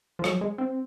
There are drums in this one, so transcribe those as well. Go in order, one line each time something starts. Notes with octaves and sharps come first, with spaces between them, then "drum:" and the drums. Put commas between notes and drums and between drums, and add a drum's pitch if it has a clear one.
F3
F#3, drum: rim click
G#3
C4